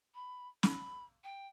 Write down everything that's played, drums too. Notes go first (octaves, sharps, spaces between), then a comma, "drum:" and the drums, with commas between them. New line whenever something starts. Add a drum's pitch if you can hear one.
B5
B5, drum: snare
G5